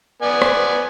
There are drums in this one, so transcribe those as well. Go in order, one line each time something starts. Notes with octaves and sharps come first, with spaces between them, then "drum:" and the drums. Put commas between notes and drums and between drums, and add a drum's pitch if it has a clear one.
B3 D5 G#5
drum: rim click